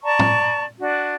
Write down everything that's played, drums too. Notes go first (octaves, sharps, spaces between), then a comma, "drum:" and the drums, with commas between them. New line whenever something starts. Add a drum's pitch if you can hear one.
D5 A5 A#5 C#6
drum: tom
D4 F#4